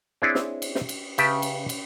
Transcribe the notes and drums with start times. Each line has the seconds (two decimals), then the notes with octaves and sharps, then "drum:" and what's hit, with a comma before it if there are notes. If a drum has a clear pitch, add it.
0.22 C4 D4 E4 G#4 C#5 D5
0.35 drum: snare
0.62 drum: cymbal
0.75 drum: snare
0.89 drum: cymbal
1.18 C#3 G4 B4 E5 G5 A5, drum: cymbal
1.42 drum: cymbal
1.69 drum: cymbal